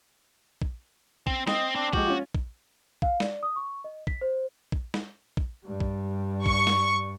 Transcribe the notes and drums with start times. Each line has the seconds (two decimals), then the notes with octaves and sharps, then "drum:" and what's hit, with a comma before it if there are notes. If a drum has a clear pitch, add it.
0.62 drum: kick
1.27 C4, drum: kick
1.47 C4 D#5, drum: snare
1.75 C4 D4
1.93 F3 G#3 F#4 G4, drum: kick
2.07 C#4 F4
2.35 drum: kick
3.02 F5, drum: kick
3.20 D5, drum: snare
3.43 D#6
3.56 C#6
3.84 D#5
4.07 B6, drum: kick
4.21 C5
4.72 drum: kick
4.94 drum: snare
5.37 drum: kick
5.65 G2 G3
5.80 drum: kick
6.46 C#6, drum: kick
6.67 drum: snare